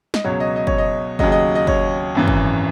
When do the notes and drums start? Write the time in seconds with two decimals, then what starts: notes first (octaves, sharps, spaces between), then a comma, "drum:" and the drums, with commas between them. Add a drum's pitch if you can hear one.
0.14 D#5, drum: snare
0.24 C#2 B2 F#3 C#5
0.40 D#5
0.56 D#5
0.67 C#5, drum: kick
0.78 D#5
1.19 D#2 C#3 F#3 D#5, drum: kick
1.32 D#5
1.55 D#5
1.67 C#5, drum: kick
2.15 G#1 F#2 E3
2.28 drum: kick